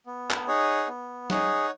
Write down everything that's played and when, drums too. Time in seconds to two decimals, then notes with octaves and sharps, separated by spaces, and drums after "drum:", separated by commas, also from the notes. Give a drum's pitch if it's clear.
0.06 B3
0.31 drum: clap
0.47 D#4 G#4 C#5 F#5
0.88 B3
1.30 D#4 G#4 C#5 F#5, drum: snare